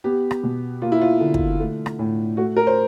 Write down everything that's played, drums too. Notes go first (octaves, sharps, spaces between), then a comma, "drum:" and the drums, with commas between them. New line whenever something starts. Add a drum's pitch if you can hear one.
B3 G4
drum: rim click
B2
A#3 F4
E4
F4
D3
drum: kick
A3
drum: rim click
A2
A3 F#4
A#4
C5